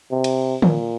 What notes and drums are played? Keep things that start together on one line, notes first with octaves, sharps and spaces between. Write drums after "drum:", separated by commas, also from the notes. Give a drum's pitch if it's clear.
C3
drum: cymbal
A#2, drum: tom